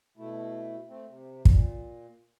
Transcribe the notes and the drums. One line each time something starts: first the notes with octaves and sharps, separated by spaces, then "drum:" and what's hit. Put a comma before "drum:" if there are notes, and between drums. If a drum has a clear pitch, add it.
B2 A3 E4
A3 C4
C3
A#2, drum: kick